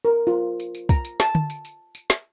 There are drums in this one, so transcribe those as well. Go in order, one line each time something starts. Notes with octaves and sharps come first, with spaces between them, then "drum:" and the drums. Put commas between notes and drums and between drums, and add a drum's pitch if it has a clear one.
A#4
F4
drum: tambourine
drum: tambourine
A#5, drum: kick, tambourine
drum: tambourine
A5, drum: snare
drum: tom D3
drum: tambourine
drum: tambourine
drum: tambourine
drum: snare